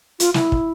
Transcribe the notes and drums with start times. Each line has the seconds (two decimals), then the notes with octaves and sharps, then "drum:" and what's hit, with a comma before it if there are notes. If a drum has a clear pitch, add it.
0.20 F4, drum: hi-hat
0.34 E4, drum: snare
0.52 drum: kick